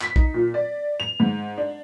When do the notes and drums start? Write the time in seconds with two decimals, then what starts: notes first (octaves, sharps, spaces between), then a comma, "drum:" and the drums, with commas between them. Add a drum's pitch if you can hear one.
0.01 B6, drum: clap
0.16 D#4, drum: kick
0.34 A#2
0.54 D5
1.00 F7
1.20 G#2
1.58 D4